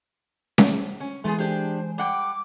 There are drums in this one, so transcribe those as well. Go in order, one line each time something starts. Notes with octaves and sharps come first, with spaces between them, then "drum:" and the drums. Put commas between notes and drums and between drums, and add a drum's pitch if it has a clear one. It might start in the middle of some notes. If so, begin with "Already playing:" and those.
drum: snare C#4
C#4
E3 G#3 A3 B3 G#4 G#5 C6
D4 G4 G#4 C5
G3 F#5 G5 D6